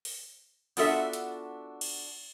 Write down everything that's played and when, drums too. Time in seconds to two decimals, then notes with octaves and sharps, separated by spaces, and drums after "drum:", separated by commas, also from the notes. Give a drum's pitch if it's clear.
0.05 drum: open hi-hat
0.77 B3 D4 F4 F#4 A4 E5, drum: open hi-hat
1.13 drum: hi-hat
1.81 drum: cymbal